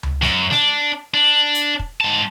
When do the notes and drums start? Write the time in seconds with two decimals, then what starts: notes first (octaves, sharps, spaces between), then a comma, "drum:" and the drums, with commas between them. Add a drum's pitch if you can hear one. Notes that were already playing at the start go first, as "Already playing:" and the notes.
0.03 drum: tom C#2
0.22 F#2, drum: snare
0.51 D4, drum: snare
1.14 D4
1.55 drum: hi-hat
1.79 drum: kick
2.01 G#2 A5